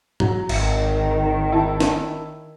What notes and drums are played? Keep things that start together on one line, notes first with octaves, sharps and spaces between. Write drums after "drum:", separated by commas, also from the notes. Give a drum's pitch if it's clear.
F#3, drum: tom
G#1 D#3 E5 C#7, drum: cymbal
E4 A5
drum: snare